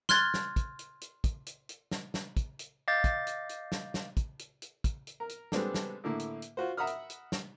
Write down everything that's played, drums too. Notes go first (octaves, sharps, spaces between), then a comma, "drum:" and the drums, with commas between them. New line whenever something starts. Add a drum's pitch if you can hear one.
C6 F6 F#6 G#6 A6 G7, drum: snare
drum: snare
drum: kick, hi-hat
drum: hi-hat
drum: hi-hat
drum: kick, hi-hat
drum: hi-hat
drum: hi-hat
drum: snare
drum: snare
drum: kick, hi-hat
drum: hi-hat
D#5 F5 D6 G6 A6
drum: kick, hi-hat
drum: hi-hat
drum: hi-hat
drum: snare
drum: snare
drum: kick, hi-hat
drum: hi-hat
drum: hi-hat
drum: kick, hi-hat
drum: hi-hat
A#4
drum: hi-hat
G3 G#3 B3 C4 D4 A4, drum: snare
drum: snare
A2 D3 A#3 E4
drum: hi-hat
drum: hi-hat
F4 F#4 C5
E5 F#5 A#5 B5 D#6 F6
drum: hi-hat
drum: hi-hat
drum: snare